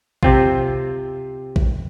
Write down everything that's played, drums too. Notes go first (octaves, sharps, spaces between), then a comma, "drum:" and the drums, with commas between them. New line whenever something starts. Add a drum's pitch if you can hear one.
C3 C4 F4, drum: kick A#1
drum: kick A#1